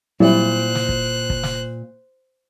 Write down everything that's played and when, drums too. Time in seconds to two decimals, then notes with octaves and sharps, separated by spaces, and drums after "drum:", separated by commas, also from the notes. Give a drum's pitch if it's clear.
0.20 A#2 F#3 G3 C4 E4 C5 F#6
0.75 drum: snare
0.89 drum: kick
1.30 drum: kick
1.43 drum: snare